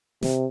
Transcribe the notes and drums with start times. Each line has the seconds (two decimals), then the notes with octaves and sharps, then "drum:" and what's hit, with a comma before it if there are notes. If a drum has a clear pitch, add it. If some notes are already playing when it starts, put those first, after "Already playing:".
0.23 C3, drum: snare